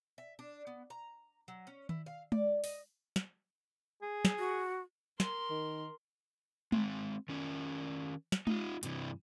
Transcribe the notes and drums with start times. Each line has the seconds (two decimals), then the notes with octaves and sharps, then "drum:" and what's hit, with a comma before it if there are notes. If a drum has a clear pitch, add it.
0.18 E5
0.39 D4
0.67 B3
0.90 A#5
1.48 F#3
1.67 C#4
1.89 E4, drum: tom D#3
2.06 F5
2.32 D5, drum: tom G#3
2.64 D#5, drum: open hi-hat
3.16 drum: snare
4.02 G#4
4.25 drum: snare
4.39 F#4
5.20 A#4 C6, drum: snare
5.50 D#3
6.72 G#3 C4, drum: tom G#3
7.29 D#3 C#4 A#4
8.32 drum: snare
8.47 D#4 F4, drum: tom G#3
8.83 G2 C3 E3, drum: hi-hat